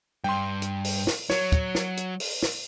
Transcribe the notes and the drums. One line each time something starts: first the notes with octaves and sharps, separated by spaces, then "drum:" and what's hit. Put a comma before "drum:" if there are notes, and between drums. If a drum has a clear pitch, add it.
G2 G5 C6
drum: hi-hat
drum: open hi-hat
drum: snare
F#3 C#5, drum: snare
drum: kick, hi-hat
drum: snare
drum: hi-hat
drum: open hi-hat
drum: snare